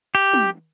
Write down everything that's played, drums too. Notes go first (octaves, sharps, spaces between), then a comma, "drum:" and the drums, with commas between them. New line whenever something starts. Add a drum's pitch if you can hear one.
G4
drum: tom